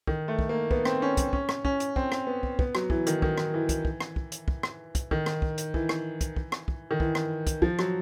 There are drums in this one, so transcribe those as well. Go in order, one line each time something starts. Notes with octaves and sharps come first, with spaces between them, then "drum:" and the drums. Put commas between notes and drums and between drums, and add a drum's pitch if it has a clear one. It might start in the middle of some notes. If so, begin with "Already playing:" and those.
D#3, drum: kick
A3
drum: kick
A#3
B3, drum: kick
C4, drum: rim click
C#4
drum: kick, hi-hat
C#4, drum: kick
drum: rim click
C#4, drum: kick
drum: hi-hat
C4, drum: kick
drum: rim click
B3
drum: kick
B3, drum: kick
F#3, drum: rim click
E3, drum: kick
D#3, drum: hi-hat
D#3, drum: kick
drum: rim click
E3
drum: kick, hi-hat
drum: kick
drum: rim click
drum: kick
drum: hi-hat
drum: kick
drum: rim click
drum: kick, hi-hat
D#3, drum: kick
drum: rim click
drum: kick
drum: hi-hat
E3, drum: kick
drum: rim click
drum: kick, hi-hat
drum: kick
drum: rim click
drum: kick
D#3
E3, drum: kick
drum: rim click
drum: kick, hi-hat
F3, drum: kick
F#3, drum: rim click